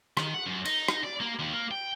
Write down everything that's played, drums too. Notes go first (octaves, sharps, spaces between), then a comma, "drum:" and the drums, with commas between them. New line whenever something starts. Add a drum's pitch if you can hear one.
D#3, drum: rim click
F#5
F#2
D#4, drum: cymbal
drum: rim click
D5
A#3
D#2
A#3
G5